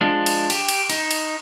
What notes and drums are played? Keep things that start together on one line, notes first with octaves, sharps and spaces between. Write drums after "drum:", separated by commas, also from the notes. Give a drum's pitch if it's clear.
F3 G#3 D4
drum: cymbal
G4, drum: cymbal
drum: cymbal
D#4, drum: cymbal
drum: cymbal